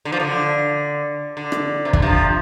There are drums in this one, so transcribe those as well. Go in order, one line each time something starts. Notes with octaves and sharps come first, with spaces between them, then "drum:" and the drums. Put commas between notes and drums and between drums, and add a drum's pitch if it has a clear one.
D3
F3
D3
D3
drum: rim click
C3
D3, drum: kick
C3 F3